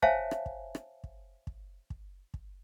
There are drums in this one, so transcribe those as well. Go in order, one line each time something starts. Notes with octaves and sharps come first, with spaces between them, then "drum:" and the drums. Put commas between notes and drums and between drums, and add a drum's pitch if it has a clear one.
C5 C#5 E5 F5 G#5 A5, drum: kick
drum: rim click
drum: kick
drum: rim click
drum: kick
drum: kick
drum: kick
drum: kick